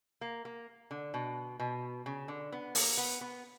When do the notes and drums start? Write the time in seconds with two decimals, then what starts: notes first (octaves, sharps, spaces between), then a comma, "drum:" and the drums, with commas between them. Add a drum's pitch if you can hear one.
0.21 A#3
0.45 A#3
0.91 D3
1.14 B2
1.60 B2
2.06 C#3
2.28 D3
2.52 B3
2.75 A#3, drum: open hi-hat
2.97 B3
3.21 B3